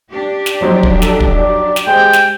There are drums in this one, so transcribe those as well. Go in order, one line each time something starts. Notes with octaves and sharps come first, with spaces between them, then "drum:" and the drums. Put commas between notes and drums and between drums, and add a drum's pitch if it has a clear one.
D4 G4
drum: snare
F3 F#3 D#4 C5
drum: kick
A4, drum: snare
drum: kick
D5
drum: snare
G#3 G4 C5 G5 G#5
drum: snare